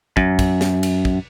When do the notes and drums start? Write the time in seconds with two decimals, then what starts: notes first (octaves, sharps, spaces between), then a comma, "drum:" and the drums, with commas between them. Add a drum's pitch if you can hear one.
0.17 F#2, drum: kick
0.39 drum: kick, cymbal
0.61 drum: snare
0.83 drum: cymbal
1.05 drum: kick